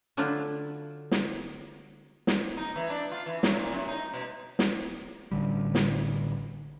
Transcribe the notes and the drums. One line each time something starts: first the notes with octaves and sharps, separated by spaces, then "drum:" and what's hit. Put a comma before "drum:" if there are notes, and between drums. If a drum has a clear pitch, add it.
D3 F#3 A3 D4 E4 F4
drum: snare
drum: snare
D#4
E3
D4
F4
E3
F#3, drum: snare
A#2
F#2
D#4
B2
drum: snare
A1 D3 G3
drum: snare